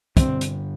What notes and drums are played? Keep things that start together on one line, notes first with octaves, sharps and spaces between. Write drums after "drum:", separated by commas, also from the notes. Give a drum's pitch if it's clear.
G2 D3 G3 C4, drum: kick, hi-hat
drum: hi-hat